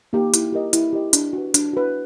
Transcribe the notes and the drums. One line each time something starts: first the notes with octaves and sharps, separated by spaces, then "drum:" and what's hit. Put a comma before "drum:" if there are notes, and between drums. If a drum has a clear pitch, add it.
A#3 D#4 G4
E4, drum: hi-hat
G4 A#4 D#5
E4, drum: hi-hat
G4 A#4 D#5
D4, drum: hi-hat
F#4 B4
D4, drum: hi-hat
F#4 B4